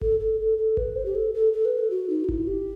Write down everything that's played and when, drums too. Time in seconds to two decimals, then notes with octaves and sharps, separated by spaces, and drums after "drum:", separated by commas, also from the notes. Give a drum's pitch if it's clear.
0.02 A4, drum: kick G#1
0.20 A4
0.40 A4
0.58 A4
0.77 B4, drum: kick G#1
0.96 C5
1.06 G4
1.15 A4
1.34 A4
1.53 A4
1.65 B4
1.79 A4
1.91 F#4
2.10 D#4
2.24 F#4
2.29 E4, drum: kick G#1
2.47 G4